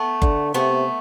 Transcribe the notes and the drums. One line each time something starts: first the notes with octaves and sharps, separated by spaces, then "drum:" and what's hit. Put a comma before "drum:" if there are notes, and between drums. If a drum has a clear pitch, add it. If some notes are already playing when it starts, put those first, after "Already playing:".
Already playing: A3 B3
D3, drum: kick F#1
C3 A3 B3